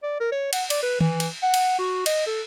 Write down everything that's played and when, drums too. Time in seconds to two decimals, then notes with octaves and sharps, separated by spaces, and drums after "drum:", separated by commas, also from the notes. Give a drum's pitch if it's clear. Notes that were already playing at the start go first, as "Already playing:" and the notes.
0.03 D5
0.20 A#4
0.32 C#5
0.53 F#5, drum: cymbal
0.70 D5, drum: cymbal
0.83 B4
1.01 E3, drum: tom
1.20 drum: cymbal
1.43 F#5
1.54 drum: cymbal
1.79 F#4
2.06 D#5, drum: cymbal
2.26 A4